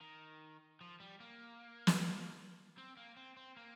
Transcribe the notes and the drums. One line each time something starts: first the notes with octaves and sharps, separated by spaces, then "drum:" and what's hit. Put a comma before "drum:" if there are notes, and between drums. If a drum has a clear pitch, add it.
D#3
F3
G3
A#3
drum: snare
C4
A#3
C4
C4
A#3